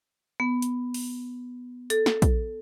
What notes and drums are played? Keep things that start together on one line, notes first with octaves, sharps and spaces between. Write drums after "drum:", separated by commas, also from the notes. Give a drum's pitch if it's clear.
B3
drum: hi-hat
drum: open hi-hat
A4, drum: hi-hat
drum: snare
drum: kick, hi-hat